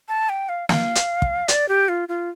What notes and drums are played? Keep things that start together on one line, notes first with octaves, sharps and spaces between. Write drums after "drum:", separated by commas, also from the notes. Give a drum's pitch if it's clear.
A5
G5
F5
F5, drum: snare
drum: hi-hat
drum: kick
D5, drum: hi-hat
G4
F4
F4